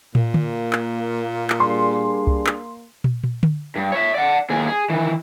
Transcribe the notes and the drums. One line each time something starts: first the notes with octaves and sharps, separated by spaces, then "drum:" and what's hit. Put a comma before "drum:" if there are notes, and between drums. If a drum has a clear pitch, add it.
A#2 A#3, drum: tom
drum: tom D3
drum: clap
drum: clap
G3 D4 G#4 C6
drum: kick C2
drum: clap
drum: tom
drum: tom
drum: tom D3
G2
C#5 E5
D5 F#5
D#2 G#4
G#4
D#3 E3